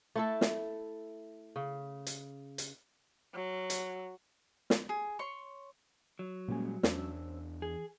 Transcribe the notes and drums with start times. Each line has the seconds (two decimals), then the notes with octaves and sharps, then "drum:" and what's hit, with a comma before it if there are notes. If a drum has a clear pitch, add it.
0.16 A3 E4 A4
0.41 drum: snare
1.56 C#3
2.06 drum: hi-hat
2.58 drum: hi-hat
3.34 F#3
3.70 drum: hi-hat
4.70 drum: snare
4.89 G#4
5.19 C#5 C6 C#6
6.19 F#3
6.48 A#2 G3 G#3 A#3 C#4 G#5
6.83 E2 C#4 D4 C5 E6, drum: snare
7.62 E3 G#4